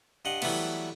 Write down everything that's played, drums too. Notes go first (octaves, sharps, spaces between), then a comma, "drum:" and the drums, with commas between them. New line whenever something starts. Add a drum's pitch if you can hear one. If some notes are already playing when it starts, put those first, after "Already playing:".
G2 D#5 F#5
E3 F#3 G3 A3 B3, drum: cymbal